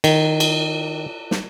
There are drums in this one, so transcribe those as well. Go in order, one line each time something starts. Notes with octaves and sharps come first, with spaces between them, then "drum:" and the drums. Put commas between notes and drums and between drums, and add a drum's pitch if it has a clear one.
D#3, drum: cymbal
drum: cymbal
drum: snare